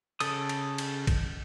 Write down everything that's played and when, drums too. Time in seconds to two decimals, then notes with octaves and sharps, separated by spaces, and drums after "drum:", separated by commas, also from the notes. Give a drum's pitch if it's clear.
0.20 C#3 A4 D#6, drum: cymbal
0.49 drum: cymbal
0.78 drum: cymbal
1.07 drum: kick A1, cymbal